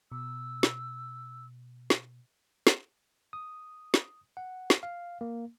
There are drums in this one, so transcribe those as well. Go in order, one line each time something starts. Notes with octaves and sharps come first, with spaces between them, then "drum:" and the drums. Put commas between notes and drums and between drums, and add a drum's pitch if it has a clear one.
B2 E6
drum: snare
drum: snare
drum: snare
D#6
drum: snare
F#5
drum: snare
F5
A#3